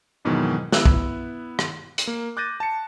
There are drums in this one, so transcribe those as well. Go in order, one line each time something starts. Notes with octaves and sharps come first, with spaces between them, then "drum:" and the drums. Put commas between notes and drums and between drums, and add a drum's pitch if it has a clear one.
F2 G#2 B2 D#3 E3 F#3
B3 E4 E6 F#6, drum: snare
drum: kick
drum: rim click
drum: hi-hat
A#3
D6 F#6 G6 A6 A#6 D#7
A5 C#7